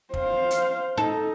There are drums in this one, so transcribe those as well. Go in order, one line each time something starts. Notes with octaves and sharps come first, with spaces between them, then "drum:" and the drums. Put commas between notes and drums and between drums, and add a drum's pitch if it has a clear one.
C5 F5, drum: kick
drum: hi-hat
D#4 A4